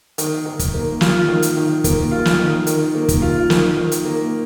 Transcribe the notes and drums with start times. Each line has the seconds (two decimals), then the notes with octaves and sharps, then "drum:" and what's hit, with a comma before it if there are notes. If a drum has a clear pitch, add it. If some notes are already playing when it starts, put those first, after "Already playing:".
0.18 D#3, drum: hi-hat
0.45 D#3
0.59 drum: kick, hi-hat
0.74 A#3
1.01 F4, drum: snare
1.28 D#3
1.42 drum: hi-hat
1.57 D#3
1.84 A#3, drum: kick, hi-hat
2.11 F4
2.25 drum: snare
2.39 D#3
2.67 D#3, drum: hi-hat
2.95 A#3
3.08 drum: kick, hi-hat
3.22 F4
3.50 D#3, drum: snare
3.77 D#3
3.92 drum: hi-hat
4.05 A#3